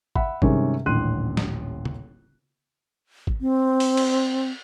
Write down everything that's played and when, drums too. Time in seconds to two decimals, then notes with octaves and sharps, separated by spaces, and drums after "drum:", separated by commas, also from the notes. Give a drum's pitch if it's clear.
0.15 E5 F#5 B5, drum: kick G#1
0.42 G2 C3 D#3 G#3 C#4, drum: kick G#1
0.86 D#1 A1 D3 C6 F#6 D#7
1.37 drum: snare
1.85 drum: tom
3.27 drum: kick G#1
3.41 C4
3.80 drum: open hi-hat
3.97 drum: cymbal